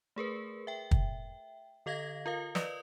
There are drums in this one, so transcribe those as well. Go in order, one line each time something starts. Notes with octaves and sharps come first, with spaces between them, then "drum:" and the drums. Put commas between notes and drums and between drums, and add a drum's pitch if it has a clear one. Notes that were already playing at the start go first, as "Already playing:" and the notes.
A3 G#4 A#4 B4
E5 G5
drum: kick
D3 A4 D#5 F5 G#6 A#6
F4 A#4 F5
B4 D5 D#5 D#6, drum: snare